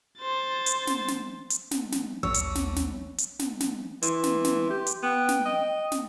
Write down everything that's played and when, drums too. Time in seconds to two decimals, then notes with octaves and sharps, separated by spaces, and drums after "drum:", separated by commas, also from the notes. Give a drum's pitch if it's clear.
0.19 C5 A6
0.66 drum: hi-hat
0.87 drum: snare
1.08 drum: snare
1.50 drum: hi-hat
1.71 drum: snare
1.92 drum: snare
2.23 A#1 D#2 C#5 E6
2.34 drum: hi-hat
2.55 drum: snare
2.76 drum: snare
3.18 drum: hi-hat
3.39 drum: snare
3.60 drum: snare
4.02 E3 C6, drum: hi-hat
4.23 drum: snare
4.44 drum: snare
4.70 G4
4.87 drum: hi-hat
5.03 B3 G5
5.29 drum: snare
5.46 D#5
5.92 drum: snare